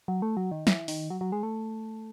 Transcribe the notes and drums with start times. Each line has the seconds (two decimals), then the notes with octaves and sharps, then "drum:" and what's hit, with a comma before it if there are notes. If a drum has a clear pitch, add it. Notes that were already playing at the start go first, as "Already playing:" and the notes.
0.08 F#3
0.22 A3
0.37 F#3
0.51 D#3
0.67 E3, drum: snare
0.88 D#3, drum: open hi-hat
1.10 F#3
1.21 F#3
1.32 G#3
1.43 A3